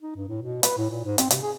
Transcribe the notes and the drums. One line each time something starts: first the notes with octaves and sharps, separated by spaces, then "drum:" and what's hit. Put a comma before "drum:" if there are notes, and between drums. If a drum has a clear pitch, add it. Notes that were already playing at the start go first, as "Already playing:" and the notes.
D#4
G2
A2
B2
B4, drum: hi-hat
A2
A#2
G#2
C4, drum: hi-hat
C3, drum: hi-hat
G#4